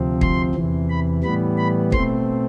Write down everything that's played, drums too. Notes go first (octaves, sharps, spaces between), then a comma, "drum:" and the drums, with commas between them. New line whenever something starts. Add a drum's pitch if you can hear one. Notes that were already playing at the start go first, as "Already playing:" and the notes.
Already playing: D2 C3 F3 C4
C6, drum: kick
E2 C3 E3
B5
A2 E3 G3 B3 B5
B5
B2 A3 C4 C6, drum: kick